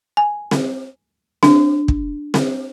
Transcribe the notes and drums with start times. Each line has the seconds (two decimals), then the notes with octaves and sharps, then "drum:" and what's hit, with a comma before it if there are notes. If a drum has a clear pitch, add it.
0.17 G#5
0.51 drum: snare C4
1.43 D4, drum: snare C4
1.88 drum: kick
2.34 drum: snare C4